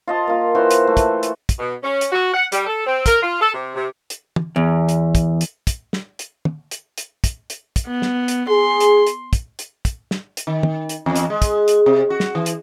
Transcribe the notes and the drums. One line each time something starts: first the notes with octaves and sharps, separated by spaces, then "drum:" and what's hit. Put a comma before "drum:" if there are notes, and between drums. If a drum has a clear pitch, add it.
F4 D#5 A5
A#3 F4
E3 F#4 C5 C6
drum: hi-hat
A3
drum: kick, hi-hat
drum: hi-hat
drum: kick, hi-hat
B2
C#4
drum: hi-hat
F#4
F#5
G3, drum: hi-hat
A4
C4
A#4, drum: kick, hi-hat
F4
A4
C3
C3
drum: hi-hat
drum: tom
E2
drum: hi-hat
drum: kick, hi-hat
drum: hi-hat
drum: kick, hi-hat
drum: snare
drum: hi-hat
drum: tom
drum: hi-hat
drum: hi-hat
drum: kick, hi-hat
drum: hi-hat
drum: kick, hi-hat
B3
drum: snare
drum: hi-hat
G#4 C6
drum: hi-hat
drum: hi-hat
drum: kick, hi-hat
drum: hi-hat
drum: kick, hi-hat
drum: snare
drum: hi-hat
D#3
drum: tom
drum: hi-hat
E2
drum: hi-hat
G#3
drum: kick, hi-hat
drum: hi-hat
C3
F#4
drum: snare
E3
drum: hi-hat